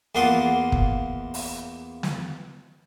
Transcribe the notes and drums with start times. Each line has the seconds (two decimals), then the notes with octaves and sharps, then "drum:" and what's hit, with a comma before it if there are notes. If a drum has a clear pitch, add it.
0.15 E2 A#3 F4 F#5 C6 D#6
0.72 drum: kick
1.34 drum: open hi-hat
2.03 drum: snare